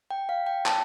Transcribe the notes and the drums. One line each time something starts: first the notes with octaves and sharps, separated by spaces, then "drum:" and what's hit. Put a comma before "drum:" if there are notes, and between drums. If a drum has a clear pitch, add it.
G5
F5
G5
A5, drum: clap